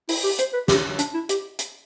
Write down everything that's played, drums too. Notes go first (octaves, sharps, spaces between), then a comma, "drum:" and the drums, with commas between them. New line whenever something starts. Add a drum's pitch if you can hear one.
E4, drum: open hi-hat
G4
C5, drum: hi-hat
B4
G4, drum: snare
D4, drum: hi-hat
E4
G4, drum: hi-hat
drum: hi-hat